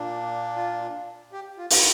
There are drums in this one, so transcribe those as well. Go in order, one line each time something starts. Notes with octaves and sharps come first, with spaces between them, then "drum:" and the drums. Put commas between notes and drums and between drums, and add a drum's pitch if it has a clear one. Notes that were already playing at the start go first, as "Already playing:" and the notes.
Already playing: A#2 A#3 D4
F4
G4
F4
drum: open hi-hat